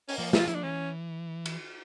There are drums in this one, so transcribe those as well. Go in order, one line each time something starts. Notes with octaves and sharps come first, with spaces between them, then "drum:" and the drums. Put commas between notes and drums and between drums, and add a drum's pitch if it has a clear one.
C#4, drum: open hi-hat
F3 A#3
F3, drum: snare
F4
F3 E4, drum: hi-hat
D4
E3 C#4
drum: cymbal